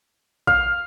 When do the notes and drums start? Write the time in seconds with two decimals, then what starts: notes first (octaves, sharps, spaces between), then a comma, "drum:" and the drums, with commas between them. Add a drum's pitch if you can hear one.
0.47 F5, drum: kick A#1